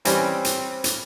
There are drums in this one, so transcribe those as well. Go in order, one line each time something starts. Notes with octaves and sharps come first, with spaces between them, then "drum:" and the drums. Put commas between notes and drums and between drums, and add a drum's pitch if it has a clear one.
E3 G3 C4 C#4, drum: hi-hat
drum: hi-hat
drum: hi-hat